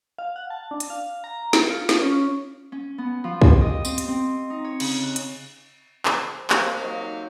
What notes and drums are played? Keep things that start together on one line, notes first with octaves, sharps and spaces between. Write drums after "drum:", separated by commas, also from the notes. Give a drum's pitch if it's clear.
F5
F#5
A5
D4
drum: hi-hat
F5
A#5
C#7, drum: snare
F4
drum: snare
C#4
C#4
B3
F3
G4, drum: kick
D#5
C4, drum: tambourine
drum: hi-hat
C4
D#4
C#5
C#3, drum: cymbal
F#6
drum: hi-hat
drum: clap
C5
C3 A#3 F5, drum: clap
F#3 D#4